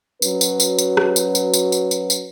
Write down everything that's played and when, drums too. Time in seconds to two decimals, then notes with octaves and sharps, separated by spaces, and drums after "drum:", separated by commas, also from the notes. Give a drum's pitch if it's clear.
0.22 F#3 C#4 F#4 B4, drum: tambourine
0.41 drum: tambourine
0.60 drum: tambourine
0.78 drum: tambourine
0.97 drum: rim click
1.16 drum: tambourine
1.35 drum: tambourine
1.54 drum: tambourine
1.72 drum: tambourine
1.91 drum: tambourine
2.10 drum: tambourine